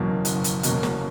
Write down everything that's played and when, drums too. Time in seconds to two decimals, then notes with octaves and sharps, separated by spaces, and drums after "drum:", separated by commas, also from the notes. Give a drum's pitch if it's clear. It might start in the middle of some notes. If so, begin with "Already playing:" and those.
Already playing: F#1 E2 B2 F#3 A#3
0.25 F#1, drum: hi-hat
0.44 drum: hi-hat
0.63 E2 B2 F#3 A#3, drum: hi-hat
0.83 drum: snare